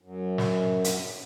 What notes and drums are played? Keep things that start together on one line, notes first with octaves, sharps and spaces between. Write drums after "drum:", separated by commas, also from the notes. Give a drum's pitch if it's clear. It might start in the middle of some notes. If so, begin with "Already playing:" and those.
F#2
drum: snare
drum: hi-hat